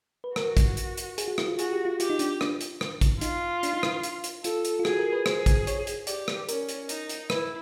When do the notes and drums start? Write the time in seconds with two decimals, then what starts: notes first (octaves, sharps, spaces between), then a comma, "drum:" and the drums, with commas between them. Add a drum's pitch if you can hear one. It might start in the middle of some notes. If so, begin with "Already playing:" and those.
0.24 B4
0.36 F#4 A#4, drum: rim click
0.57 drum: kick, hi-hat
0.77 drum: hi-hat
0.97 drum: hi-hat
1.18 G#4, drum: hi-hat
1.28 F#4
1.38 E4, drum: rim click
1.48 F4
1.59 F#4 G#4, drum: hi-hat
1.72 G4
1.85 F4
2.00 F4 G4, drum: hi-hat
2.10 D#4
2.19 D4, drum: hi-hat
2.41 D4, drum: rim click
2.61 drum: hi-hat
2.81 drum: rim click
3.01 drum: kick, hi-hat
3.21 D#4 F4, drum: hi-hat
3.63 D4, drum: hi-hat
3.73 D#4
3.83 E4, drum: rim click
4.03 drum: hi-hat
4.24 drum: hi-hat
4.44 F4 A4, drum: hi-hat
4.65 drum: hi-hat
4.79 F4
4.85 F#4 G#4, drum: rim click
4.99 A#4
5.12 B4
5.26 G#4 C5, drum: rim click
5.46 drum: kick, hi-hat
5.67 C#5, drum: hi-hat
5.87 drum: hi-hat
6.07 G4 D5, drum: hi-hat
6.28 drum: rim click
6.49 C#4 A#4, drum: hi-hat
6.69 drum: hi-hat
6.89 D#4, drum: hi-hat
7.09 drum: hi-hat
7.30 E4 B4, drum: rim click